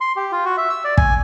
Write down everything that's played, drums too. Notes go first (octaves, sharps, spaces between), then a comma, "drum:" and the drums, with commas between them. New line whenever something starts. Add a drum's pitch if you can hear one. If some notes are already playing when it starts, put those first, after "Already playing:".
C6
G4
F4
F#4
E5
E6
D5
G#5, drum: kick